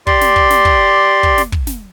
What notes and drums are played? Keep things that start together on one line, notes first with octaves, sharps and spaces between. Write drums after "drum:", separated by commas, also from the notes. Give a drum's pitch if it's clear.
G4 D5 C6, drum: kick
drum: snare
drum: kick
drum: snare
drum: kick
drum: kick
drum: snare
drum: kick
drum: snare